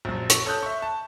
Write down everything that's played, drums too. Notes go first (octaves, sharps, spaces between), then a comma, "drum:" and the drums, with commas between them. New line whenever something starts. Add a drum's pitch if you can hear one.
A#1 F#2
C#6, drum: hi-hat
A4 C#5 D#6 F#6 G6
E5 C#6
A5